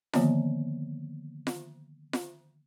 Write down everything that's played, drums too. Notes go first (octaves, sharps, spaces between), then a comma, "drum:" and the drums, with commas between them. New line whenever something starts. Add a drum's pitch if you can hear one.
D3 D#3 F3 A#3 B3, drum: snare F4
drum: snare F4
drum: snare F4